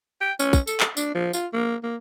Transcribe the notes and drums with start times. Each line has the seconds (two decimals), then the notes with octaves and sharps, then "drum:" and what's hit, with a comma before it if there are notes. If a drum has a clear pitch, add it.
0.21 G5
0.39 C#4, drum: tambourine
0.53 drum: kick, tambourine
0.67 A4, drum: tambourine
0.80 drum: clap
0.97 D4, drum: tambourine
1.15 F3
1.33 F4, drum: tambourine
1.53 A#3
1.83 A#3